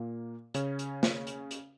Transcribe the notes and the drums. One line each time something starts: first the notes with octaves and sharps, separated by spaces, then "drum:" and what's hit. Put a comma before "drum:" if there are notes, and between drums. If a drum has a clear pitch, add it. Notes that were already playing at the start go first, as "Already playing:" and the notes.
Already playing: A#2 A#3
C#3 C#4, drum: hi-hat
drum: hi-hat
drum: snare
drum: hi-hat
drum: hi-hat